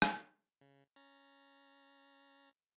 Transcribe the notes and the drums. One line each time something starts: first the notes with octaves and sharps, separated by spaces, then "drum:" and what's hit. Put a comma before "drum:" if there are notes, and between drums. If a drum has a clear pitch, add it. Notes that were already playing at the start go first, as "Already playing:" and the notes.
drum: rim click
C#3
C#4 A#5 A6